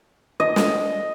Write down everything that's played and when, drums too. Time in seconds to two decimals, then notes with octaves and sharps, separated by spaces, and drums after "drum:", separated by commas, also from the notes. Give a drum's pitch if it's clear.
0.40 D#5
0.56 drum: snare